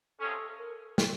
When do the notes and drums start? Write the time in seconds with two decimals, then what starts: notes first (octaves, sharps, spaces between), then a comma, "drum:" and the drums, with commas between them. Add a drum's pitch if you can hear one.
0.19 C3 F3 G#3 C#4 A4
0.58 A#4
0.98 drum: snare